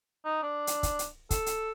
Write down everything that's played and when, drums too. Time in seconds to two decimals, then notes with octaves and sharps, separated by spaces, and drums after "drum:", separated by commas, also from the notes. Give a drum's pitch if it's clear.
0.25 D#4
0.43 D4
0.67 drum: hi-hat
0.83 drum: kick, hi-hat
0.99 drum: hi-hat
1.31 A4, drum: kick, hi-hat
1.46 drum: hi-hat